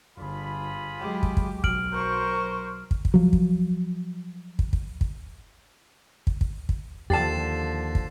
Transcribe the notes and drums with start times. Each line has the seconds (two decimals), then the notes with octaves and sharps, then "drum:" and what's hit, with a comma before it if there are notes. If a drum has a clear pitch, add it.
0.18 G1 F4 G#4 B5
1.01 F#3 G#3 G4
1.23 drum: kick
1.37 drum: kick
1.64 B1 F#3 F6 D7 F#7, drum: kick
1.93 A#4 C5 C#6
2.91 drum: kick
3.05 drum: kick
3.14 F3 F#3
3.33 drum: kick
4.59 drum: kick
4.73 drum: kick
5.01 drum: kick
6.27 drum: kick
6.41 drum: kick
6.69 drum: kick
7.10 D#2 D3 F3 G4 A5 A6 C7 E7
7.95 drum: kick